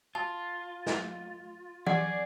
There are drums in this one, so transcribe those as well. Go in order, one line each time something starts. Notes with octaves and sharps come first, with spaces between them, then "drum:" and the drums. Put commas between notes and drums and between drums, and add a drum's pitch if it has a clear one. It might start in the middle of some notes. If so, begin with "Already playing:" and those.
F4 A5
drum: snare
C#4 G#4 D5 F#5, drum: tom